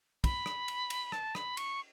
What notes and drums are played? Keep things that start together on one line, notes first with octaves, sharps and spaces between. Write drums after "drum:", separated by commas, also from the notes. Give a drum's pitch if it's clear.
B5, drum: kick, cymbal
drum: rim click
drum: cymbal
drum: cymbal
A5, drum: rim click
B5, drum: rim click
C#6, drum: cymbal